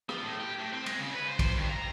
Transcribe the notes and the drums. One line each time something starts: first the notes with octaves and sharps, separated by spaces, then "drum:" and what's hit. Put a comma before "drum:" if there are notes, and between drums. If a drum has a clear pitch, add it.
F3, drum: rim click
A2
G4
A2
C4
G#3, drum: cymbal
C#3
B4
C5
drum: kick, cymbal
G2
A#5